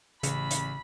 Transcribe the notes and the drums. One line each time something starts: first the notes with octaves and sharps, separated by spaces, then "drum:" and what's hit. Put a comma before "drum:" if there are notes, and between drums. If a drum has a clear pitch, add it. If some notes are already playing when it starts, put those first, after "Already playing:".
A1 C#3 B5, drum: hi-hat
drum: hi-hat